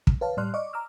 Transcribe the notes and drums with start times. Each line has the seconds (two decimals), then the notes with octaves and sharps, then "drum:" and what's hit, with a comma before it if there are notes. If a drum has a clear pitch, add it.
0.07 drum: kick
0.21 B4 C#5 F5 A5
0.37 A2 G3 D5 C6 F6 F#6
0.54 D5 D#5 C#6 D6
0.73 A#5 D6 E6 F6